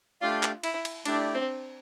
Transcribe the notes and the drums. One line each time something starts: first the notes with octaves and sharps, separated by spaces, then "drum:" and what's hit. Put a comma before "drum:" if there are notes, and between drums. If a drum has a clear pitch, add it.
A3 D4 F4 G4 D5 F5
drum: clap
E4, drum: cymbal
drum: cymbal
A3 D4 E4 G4 D5, drum: cymbal
C4